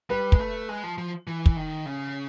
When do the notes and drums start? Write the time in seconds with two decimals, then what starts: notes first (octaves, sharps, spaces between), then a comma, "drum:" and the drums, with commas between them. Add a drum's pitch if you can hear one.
0.10 G3 B4
0.32 G#3, drum: kick
0.39 A3
0.69 G#3
0.83 F3
0.98 F3
1.27 E3
1.46 drum: kick
1.56 D#3
1.86 C#3